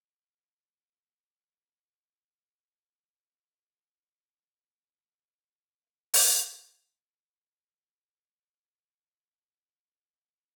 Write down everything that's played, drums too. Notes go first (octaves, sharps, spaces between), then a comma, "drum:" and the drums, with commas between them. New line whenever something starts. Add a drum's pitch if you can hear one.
A4 C5 D5 D#5 F#5
G3 D4 F4 G#4 B4
G3 A#3
E3 F#3 G#3 A#3 C#4 D4
G6
E6
A#4
F4
C#4
A#3 B3 G#5 C6
D#3 F#7
G1 G3 B5 G6
A#4 E5 F5
drum: open hi-hat
B3 F#4
E5